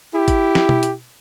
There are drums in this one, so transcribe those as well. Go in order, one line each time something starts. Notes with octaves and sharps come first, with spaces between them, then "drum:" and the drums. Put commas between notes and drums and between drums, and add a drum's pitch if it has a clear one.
E4 G4
drum: kick, hi-hat
drum: snare
drum: tom B2
drum: hi-hat